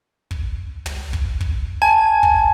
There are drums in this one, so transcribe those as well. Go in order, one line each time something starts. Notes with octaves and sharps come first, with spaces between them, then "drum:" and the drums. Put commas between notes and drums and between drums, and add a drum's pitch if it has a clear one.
drum: kick
drum: tom
drum: kick
drum: kick
G#5 A5
drum: kick